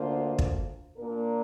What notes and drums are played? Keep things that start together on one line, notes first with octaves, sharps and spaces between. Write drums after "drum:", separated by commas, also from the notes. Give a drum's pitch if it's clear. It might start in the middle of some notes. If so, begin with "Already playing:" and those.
Already playing: D2 D3 A#3 F4 C5
drum: kick
A#2 A#3 D4 A#4